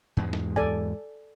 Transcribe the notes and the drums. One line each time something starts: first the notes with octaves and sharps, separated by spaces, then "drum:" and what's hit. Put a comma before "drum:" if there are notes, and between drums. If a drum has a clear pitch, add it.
E2 G#2 G#3
drum: snare
A4 D5 G#5, drum: kick C#2